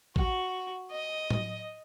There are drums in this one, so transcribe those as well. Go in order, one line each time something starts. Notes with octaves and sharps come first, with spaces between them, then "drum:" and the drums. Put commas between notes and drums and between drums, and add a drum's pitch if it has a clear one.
F#4, drum: kick A1
D#5
drum: tom A2